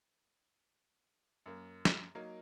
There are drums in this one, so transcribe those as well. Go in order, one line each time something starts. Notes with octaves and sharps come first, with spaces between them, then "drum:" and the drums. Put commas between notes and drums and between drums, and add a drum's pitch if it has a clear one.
F#2 A#3
drum: snare
F#3 A#3 D#4 A#4